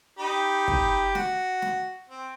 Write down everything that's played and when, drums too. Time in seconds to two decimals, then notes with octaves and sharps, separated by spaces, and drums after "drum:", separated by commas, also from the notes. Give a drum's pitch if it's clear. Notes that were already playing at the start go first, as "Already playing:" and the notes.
0.19 D#4 G4 B5
0.68 drum: kick
1.15 F#4, drum: snare
1.62 drum: snare
2.09 C4